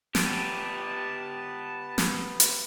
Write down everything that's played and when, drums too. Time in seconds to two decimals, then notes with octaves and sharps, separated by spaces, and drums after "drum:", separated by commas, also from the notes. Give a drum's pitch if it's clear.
0.15 B3 G4 A5, drum: snare
1.98 drum: snare
2.40 drum: hi-hat